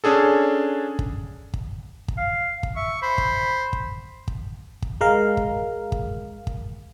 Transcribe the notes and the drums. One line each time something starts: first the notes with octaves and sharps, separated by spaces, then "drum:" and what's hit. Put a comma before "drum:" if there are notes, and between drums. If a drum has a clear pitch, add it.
C#4 D4 G#4 A4
drum: kick
drum: kick
drum: kick
F5
drum: kick
E5 C#6
C5 B5
drum: kick
drum: kick
drum: kick
drum: kick
G#3 A#4 F5
drum: kick
drum: kick
drum: kick